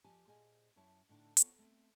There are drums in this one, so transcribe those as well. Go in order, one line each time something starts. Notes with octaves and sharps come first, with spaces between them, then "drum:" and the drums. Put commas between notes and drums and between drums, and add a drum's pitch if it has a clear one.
F2 F3 G4 G#5 A5
A#2 G#4 C5 D#5 F5 G#5
F#2 E4 C#5 A5
A2 D3 D4 D#4
B3 C4 F4 A4 C#5, drum: hi-hat
A3 C4